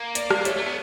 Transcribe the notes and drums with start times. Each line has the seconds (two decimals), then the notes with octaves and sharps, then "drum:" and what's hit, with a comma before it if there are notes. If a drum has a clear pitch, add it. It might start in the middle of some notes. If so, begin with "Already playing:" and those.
Already playing: A#3
0.15 D5, drum: hi-hat
0.31 drum: rim click
0.45 A3 C#5, drum: hi-hat
0.56 A3
0.65 B3